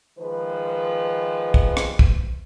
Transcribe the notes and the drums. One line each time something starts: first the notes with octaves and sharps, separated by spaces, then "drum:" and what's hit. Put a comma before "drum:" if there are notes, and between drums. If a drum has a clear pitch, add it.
D#3 F3 G#3 B4
drum: kick
drum: rim click
drum: kick